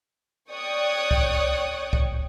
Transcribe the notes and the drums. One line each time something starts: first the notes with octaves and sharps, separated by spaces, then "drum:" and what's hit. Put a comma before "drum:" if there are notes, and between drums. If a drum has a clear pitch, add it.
C#5 D5 G5 C#6 D#6 F#6
drum: kick C2
drum: kick C2